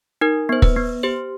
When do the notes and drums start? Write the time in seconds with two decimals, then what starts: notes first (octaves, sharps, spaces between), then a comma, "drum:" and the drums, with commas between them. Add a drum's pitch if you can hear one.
0.21 D#4 A#4
0.49 B3 C5
0.62 B4, drum: kick
0.76 B3
1.03 G4 C5